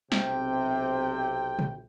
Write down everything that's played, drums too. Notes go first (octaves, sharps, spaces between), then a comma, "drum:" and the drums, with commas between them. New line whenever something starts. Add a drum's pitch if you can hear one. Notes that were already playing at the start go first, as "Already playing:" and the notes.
B1 C3 C4 G5, drum: snare
drum: tom